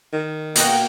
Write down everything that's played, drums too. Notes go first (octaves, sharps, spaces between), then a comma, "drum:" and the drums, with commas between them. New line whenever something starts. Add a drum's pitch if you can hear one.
D#3
B2 A#3 F#4 D#5 F#5 G5, drum: hi-hat